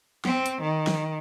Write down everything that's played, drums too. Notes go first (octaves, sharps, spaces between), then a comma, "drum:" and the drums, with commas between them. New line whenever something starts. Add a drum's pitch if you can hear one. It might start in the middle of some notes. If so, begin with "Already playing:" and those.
C4, drum: snare
drum: hi-hat
D#3
drum: snare